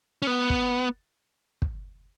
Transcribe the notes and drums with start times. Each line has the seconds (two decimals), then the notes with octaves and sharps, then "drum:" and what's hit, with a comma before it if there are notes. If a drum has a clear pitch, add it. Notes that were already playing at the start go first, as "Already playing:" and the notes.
0.22 C#4
0.27 B3
0.50 drum: kick
1.62 drum: kick